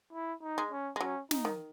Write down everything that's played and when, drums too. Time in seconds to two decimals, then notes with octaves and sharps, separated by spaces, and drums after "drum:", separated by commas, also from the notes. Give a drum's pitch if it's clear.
0.13 E4
0.42 D#4
0.58 G#3
0.71 C#4
0.96 G#3
1.01 F#3 C#4
1.31 D#4, drum: snare
1.45 D#3